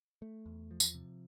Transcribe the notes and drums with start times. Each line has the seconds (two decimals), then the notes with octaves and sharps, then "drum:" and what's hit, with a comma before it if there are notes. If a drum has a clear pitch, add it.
0.22 A3
0.46 E2
0.71 F3
0.80 drum: tambourine
0.94 C3